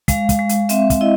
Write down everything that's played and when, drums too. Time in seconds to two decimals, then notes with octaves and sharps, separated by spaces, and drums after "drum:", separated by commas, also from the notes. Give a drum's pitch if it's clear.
0.08 G#3 F5, drum: kick, hi-hat
0.29 drum: kick, hi-hat
0.39 G#3
0.49 drum: hi-hat
0.69 C4 E5, drum: hi-hat
0.90 drum: kick, hi-hat
1.01 E4 D#5